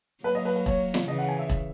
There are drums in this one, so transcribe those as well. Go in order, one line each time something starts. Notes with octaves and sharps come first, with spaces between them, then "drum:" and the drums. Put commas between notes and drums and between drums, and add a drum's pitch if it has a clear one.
F#3 A#3 B4
D#5
B4
B4
C#5, drum: kick E1
drum: snare
C#3 E3 D#5
F#5
G#5
E5
drum: kick E1